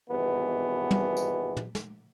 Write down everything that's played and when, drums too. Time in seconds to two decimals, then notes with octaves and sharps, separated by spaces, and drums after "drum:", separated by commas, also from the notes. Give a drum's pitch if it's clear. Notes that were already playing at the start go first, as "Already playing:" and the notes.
0.10 G#1 G2 B2 E3 B3
0.91 drum: tom
1.17 drum: tambourine
1.57 drum: tom
1.75 drum: snare